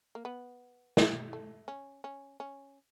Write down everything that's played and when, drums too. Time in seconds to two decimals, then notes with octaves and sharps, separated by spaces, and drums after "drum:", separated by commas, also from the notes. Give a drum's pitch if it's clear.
0.15 A#3
0.25 B3
0.97 G3, drum: snare
1.33 A3
1.68 C#4
2.04 C#4
2.40 C#4